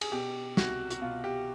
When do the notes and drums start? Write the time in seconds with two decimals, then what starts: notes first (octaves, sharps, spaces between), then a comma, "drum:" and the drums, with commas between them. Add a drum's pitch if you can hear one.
0.01 G#4, drum: cymbal
0.12 B2 G4
0.57 C2 F#4, drum: snare
0.90 F#4, drum: hi-hat
1.01 B2 F4
1.24 G4